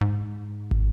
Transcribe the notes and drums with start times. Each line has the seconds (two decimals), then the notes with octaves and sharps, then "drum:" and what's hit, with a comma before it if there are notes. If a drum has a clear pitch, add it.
0.01 G#2
0.71 drum: kick